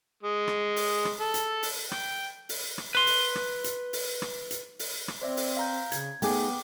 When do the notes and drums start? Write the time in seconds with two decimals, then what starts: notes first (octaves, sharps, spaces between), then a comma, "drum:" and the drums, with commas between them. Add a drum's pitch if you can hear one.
0.23 G#3
0.48 drum: rim click
0.76 drum: open hi-hat
1.05 drum: rim click
1.20 A4
1.34 drum: hi-hat
1.63 drum: open hi-hat
1.92 G5, drum: rim click
2.49 drum: open hi-hat
2.78 drum: rim click
2.95 B4 C6
3.07 drum: open hi-hat
3.35 drum: rim click
3.64 drum: hi-hat
3.93 drum: open hi-hat
4.22 drum: rim click
4.51 drum: hi-hat
4.79 drum: open hi-hat
5.08 drum: rim click
5.21 C4 C5 D5 E5
5.37 drum: open hi-hat
5.57 F5 A#5 G6
5.92 C#3 G#6, drum: hi-hat
6.22 A3 B3 D#4 G#4 G5 D6, drum: open hi-hat